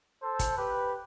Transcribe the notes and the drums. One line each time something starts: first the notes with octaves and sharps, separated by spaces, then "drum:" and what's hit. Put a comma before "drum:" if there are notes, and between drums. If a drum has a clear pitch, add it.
A4 C5
drum: kick, hi-hat
G4 B4